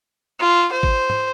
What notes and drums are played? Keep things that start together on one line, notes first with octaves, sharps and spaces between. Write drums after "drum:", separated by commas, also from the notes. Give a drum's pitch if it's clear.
F4
C5
drum: kick G#1
drum: tom